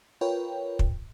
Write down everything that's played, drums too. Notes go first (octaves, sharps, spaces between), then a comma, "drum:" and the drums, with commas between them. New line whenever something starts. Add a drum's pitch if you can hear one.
F4 A#4 B4 C#5 G5
drum: kick